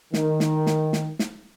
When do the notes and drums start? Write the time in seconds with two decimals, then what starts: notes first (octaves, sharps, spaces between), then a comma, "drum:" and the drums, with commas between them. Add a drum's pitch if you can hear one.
0.14 D#3, drum: snare
0.40 drum: snare
0.67 drum: snare
0.93 drum: snare
1.19 drum: snare